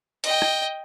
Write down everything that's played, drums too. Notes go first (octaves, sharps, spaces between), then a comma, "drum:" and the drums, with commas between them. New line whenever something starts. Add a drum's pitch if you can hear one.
D#5 G5, drum: hi-hat
drum: rim click